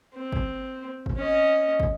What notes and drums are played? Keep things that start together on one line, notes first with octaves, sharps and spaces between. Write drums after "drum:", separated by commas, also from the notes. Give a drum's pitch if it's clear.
C4
drum: kick
drum: kick
C#4 D#5
drum: kick